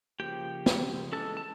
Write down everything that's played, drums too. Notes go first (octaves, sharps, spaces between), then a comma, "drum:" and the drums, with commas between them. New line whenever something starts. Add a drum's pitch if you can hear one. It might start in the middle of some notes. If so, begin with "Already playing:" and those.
C#3 F3 A#3 G4 G5
drum: snare
E3 G#3 C#4 A4 A5
A5